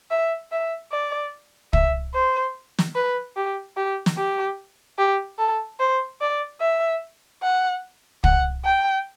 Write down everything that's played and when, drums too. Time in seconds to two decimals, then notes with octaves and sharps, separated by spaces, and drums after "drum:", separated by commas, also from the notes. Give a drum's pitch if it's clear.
0.11 E5
0.52 E5
0.92 D5
1.73 E5, drum: kick
2.14 C5
2.79 drum: snare
2.95 B4
3.36 G4
3.76 G4
4.06 drum: snare
4.17 G4
4.98 G4
5.39 A4
5.80 C5
6.21 D5
6.61 E5
7.43 F#5
8.24 F#5, drum: kick
8.65 G5